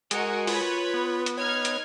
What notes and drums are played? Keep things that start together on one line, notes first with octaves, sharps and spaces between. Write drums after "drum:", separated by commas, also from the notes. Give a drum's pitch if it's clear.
G#3 F#4 G#4 A#4 D#5, drum: hi-hat
F4 B4 C#5 B5, drum: open hi-hat
B3
drum: hi-hat
D#4 C#5 F6 G#6
drum: hi-hat